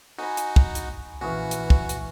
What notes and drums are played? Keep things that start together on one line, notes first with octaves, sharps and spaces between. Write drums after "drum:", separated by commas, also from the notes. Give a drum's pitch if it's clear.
D#4 F#4 G#5 A#5 B5
drum: hi-hat
drum: kick
drum: hi-hat
A#1 E3 C#4 F#4 F5
drum: hi-hat
drum: kick
drum: hi-hat